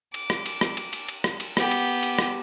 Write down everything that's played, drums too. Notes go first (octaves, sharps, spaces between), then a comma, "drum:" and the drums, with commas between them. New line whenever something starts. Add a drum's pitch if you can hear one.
D6, drum: cymbal
drum: rim click
drum: cymbal
drum: rim click
drum: cymbal
drum: cymbal
drum: cymbal
drum: rim click
drum: cymbal
B3 G4, drum: rim click
drum: cymbal
drum: cymbal
drum: rim click